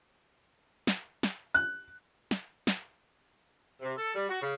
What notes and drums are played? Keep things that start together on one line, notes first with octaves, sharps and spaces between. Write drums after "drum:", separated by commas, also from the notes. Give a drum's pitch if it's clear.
drum: snare
drum: snare
F#6
drum: snare
drum: snare
C3
A4
G3
F#4
C#3